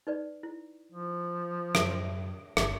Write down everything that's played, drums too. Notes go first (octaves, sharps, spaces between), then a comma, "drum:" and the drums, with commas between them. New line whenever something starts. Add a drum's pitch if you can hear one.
D#4 B4 D5
E4
F3
F#2, drum: rim click
G1, drum: rim click